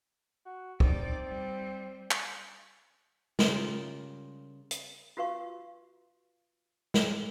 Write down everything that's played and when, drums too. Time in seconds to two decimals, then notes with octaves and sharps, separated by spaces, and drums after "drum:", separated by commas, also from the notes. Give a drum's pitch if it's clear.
0.46 F#4
0.80 C4 D#4 D5, drum: kick
1.27 G3
2.11 drum: clap
3.39 C#3 G3 F4 A#4, drum: snare
4.71 drum: hi-hat
5.17 F4 F#4 B4 F5 C#6
6.94 drum: snare